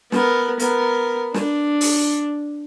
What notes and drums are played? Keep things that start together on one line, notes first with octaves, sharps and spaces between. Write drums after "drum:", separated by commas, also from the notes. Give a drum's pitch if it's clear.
B3 A#4, drum: snare
B3 A#4, drum: hi-hat
D4, drum: snare
drum: open hi-hat